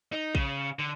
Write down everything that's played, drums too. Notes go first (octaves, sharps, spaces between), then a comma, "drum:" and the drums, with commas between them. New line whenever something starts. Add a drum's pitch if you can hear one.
D#4
C#3, drum: kick A#1
D3